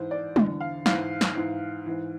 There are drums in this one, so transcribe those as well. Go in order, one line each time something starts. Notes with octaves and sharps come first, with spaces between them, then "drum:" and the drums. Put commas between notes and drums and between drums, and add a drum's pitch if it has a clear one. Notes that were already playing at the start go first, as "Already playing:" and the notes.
Already playing: G#2 E3 C5
D5
E2 D3, drum: tom G3
F5
G#2 E3 F5, drum: snare
drum: snare
G#2 E3
G#2 E3